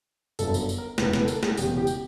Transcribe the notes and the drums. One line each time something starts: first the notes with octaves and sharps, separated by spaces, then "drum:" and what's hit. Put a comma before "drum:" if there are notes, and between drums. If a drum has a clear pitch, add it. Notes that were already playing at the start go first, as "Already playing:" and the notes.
G1 F#2 D3 A4, drum: tambourine
drum: tambourine
drum: tambourine
A#4
E1 E2 C#3 B4, drum: snare
B4, drum: snare
A4
A#4, drum: tambourine
G#4, drum: snare
E1 E2 C#3 G4, drum: tambourine
G4
drum: tambourine